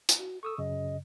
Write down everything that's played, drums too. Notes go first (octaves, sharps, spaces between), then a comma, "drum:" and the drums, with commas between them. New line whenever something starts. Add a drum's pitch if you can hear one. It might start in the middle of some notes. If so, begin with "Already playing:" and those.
drum: hi-hat
F#4
A4 C#6 D#6 E6
F#2 C#3 D#5